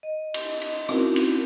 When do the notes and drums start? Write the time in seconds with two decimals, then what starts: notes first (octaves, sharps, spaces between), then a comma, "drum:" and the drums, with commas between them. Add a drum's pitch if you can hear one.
0.03 D#5
0.34 drum: cymbal
0.61 drum: cymbal
0.89 C4 C#4 D#4 E4 F#4 A#4, drum: rim click
1.16 drum: cymbal